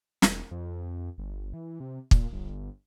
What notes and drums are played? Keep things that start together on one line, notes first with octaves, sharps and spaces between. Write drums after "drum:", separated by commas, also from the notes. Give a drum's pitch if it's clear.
E1, drum: snare
F2
G1
E3
C3
A#2, drum: kick
G1